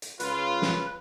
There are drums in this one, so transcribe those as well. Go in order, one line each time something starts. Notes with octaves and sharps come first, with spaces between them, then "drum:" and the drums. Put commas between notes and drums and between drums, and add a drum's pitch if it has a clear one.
drum: hi-hat
C#2 C#3 F4 B4, drum: hi-hat
drum: snare